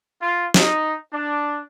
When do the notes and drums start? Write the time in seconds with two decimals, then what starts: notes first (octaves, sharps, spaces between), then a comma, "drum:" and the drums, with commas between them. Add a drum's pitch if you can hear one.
0.21 F4
0.54 D#4, drum: snare
1.12 D4